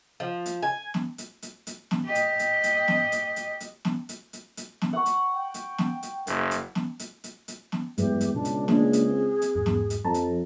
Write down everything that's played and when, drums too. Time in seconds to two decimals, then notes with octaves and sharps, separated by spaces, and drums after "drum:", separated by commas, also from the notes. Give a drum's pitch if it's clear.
0.20 F3
0.46 drum: hi-hat
0.62 G#5
0.94 drum: snare
1.18 drum: hi-hat
1.42 drum: hi-hat
1.67 drum: hi-hat
1.91 drum: snare
2.04 G4 D#5
2.15 drum: hi-hat
2.39 drum: hi-hat
2.64 drum: hi-hat
2.88 drum: snare
3.12 drum: hi-hat
3.36 drum: hi-hat
3.60 drum: hi-hat
3.85 drum: snare
4.09 drum: hi-hat
4.33 drum: hi-hat
4.57 drum: hi-hat
4.82 drum: snare
4.93 F#5 C#6
5.06 drum: hi-hat
5.35 G5
5.54 drum: hi-hat
5.78 drum: snare
6.03 drum: hi-hat
6.27 F#1, drum: hi-hat
6.51 drum: hi-hat
6.75 drum: snare
6.99 drum: hi-hat
7.24 drum: hi-hat
7.48 drum: hi-hat
7.72 drum: snare
7.98 E2 G2 F#3 G#3 G4, drum: hi-hat
8.21 drum: hi-hat
8.35 C#2 B2 D4
8.45 drum: hi-hat
8.68 A#3 D4 G#4, drum: snare
8.93 drum: hi-hat
9.09 C4
9.42 drum: hi-hat
9.55 E2 G#2
9.66 drum: snare
9.90 drum: hi-hat
10.04 F2 F3 A5 A#5
10.14 drum: hi-hat